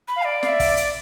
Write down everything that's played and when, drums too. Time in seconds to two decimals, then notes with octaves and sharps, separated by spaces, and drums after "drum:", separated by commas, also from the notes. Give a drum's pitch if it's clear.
0.08 B5
0.16 F5
0.25 D5
0.43 F5, drum: snare
0.48 E5
0.60 drum: kick, open hi-hat
0.77 drum: hi-hat